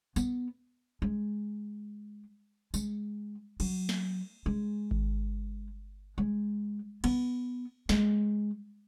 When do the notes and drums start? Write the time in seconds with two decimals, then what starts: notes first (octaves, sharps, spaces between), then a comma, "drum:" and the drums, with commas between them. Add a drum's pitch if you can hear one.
0.16 B3, drum: tambourine
1.02 G#3
2.74 G#3, drum: tambourine
3.60 F#3, drum: cymbal
3.89 drum: snare
4.46 G#3
4.91 drum: kick G#1
6.18 G#3
7.04 B3, drum: cymbal
7.89 G#3, drum: snare